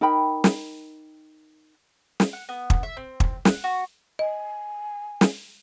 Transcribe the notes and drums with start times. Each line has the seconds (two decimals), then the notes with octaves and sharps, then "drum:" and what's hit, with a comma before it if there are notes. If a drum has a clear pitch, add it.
0.01 D#4 A#4 G5 B5
0.44 drum: snare
2.20 drum: snare
2.33 F#5
2.49 B3
2.70 drum: kick
2.83 E5
2.97 C4
3.20 drum: kick
3.45 F#5, drum: snare
3.64 F#4
4.19 D#5 G#5
5.21 drum: snare